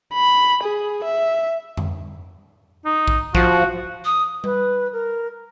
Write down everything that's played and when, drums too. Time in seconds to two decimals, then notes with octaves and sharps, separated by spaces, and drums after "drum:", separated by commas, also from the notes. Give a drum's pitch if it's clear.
0.14 B5
0.63 G#4
1.04 E5
1.77 drum: tom F2
2.86 D#4
3.08 drum: kick A#1
3.35 F3 F#4, drum: kick A#1
4.05 D#6
4.44 B4, drum: tom G3
4.92 A#4